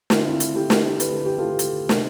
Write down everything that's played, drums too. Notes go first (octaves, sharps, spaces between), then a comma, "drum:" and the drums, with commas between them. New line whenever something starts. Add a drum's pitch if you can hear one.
D3 E4, drum: snare
F4
C4 E4
drum: hi-hat
A3 E4 G4
drum: snare
D3 B4, drum: hi-hat
A4
G4
F4 A4
A3
drum: hi-hat
C3, drum: snare